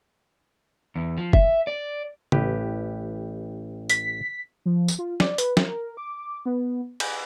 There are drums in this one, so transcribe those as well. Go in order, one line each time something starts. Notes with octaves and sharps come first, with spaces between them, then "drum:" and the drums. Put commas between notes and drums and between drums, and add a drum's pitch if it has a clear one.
E2
F3
E5, drum: kick
D5
A1 G4 B4, drum: tom C#3
B6, drum: hi-hat
F3
drum: tambourine
F4
D5, drum: snare
B4, drum: hi-hat
A#4, drum: snare
D6
B3
G#5, drum: cymbal